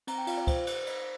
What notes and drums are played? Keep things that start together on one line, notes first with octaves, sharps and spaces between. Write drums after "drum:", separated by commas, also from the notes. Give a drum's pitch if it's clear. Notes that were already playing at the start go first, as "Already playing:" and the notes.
C4 A#5, drum: cymbal
G5
F4 F5, drum: cymbal
D5
C5, drum: kick, cymbal
drum: cymbal
drum: cymbal